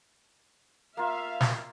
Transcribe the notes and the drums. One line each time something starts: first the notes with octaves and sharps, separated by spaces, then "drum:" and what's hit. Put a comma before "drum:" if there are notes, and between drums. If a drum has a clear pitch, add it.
A#3 F4 E5 F5
drum: snare